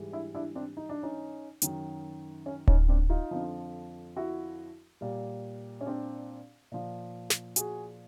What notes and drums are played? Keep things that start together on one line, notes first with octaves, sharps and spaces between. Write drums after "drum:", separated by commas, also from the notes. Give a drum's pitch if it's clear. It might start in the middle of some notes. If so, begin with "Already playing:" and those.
Already playing: G#2 E3 G3
D4 E4
D4 E4
C4 D4
D#4
D4
C#4 D#4
F#2 D#3 F#3, drum: hi-hat
C#4
C#4 D#4, drum: kick D1
C4 D4
D#4 F4
F2 D3 F3
E4 F#4
A#2 G3
C#4
C4 D4
A#2 F3
drum: snare
F#4 G#4, drum: hi-hat